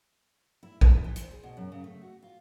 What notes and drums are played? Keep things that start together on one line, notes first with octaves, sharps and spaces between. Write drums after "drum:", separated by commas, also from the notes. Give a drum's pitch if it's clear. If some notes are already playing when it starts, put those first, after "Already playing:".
E4
E4, drum: kick
E3
C5, drum: hi-hat
G#4
B2
F#2
C#3
A3
F#4
F4